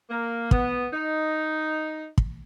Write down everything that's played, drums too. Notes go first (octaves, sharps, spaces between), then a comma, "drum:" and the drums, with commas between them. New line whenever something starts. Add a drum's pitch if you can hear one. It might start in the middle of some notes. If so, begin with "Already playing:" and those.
A#3
B3, drum: kick
D#4
drum: kick